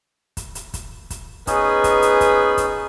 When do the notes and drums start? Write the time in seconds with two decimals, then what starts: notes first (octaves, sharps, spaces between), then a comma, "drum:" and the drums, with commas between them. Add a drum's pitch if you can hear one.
0.37 drum: kick, hi-hat
0.55 drum: hi-hat
0.74 drum: kick, hi-hat
1.10 drum: kick, hi-hat
1.47 B3 C#4 D#4 G#4 B4, drum: kick, hi-hat
1.84 drum: kick, hi-hat
2.02 drum: hi-hat
2.21 drum: kick, hi-hat
2.58 drum: kick, hi-hat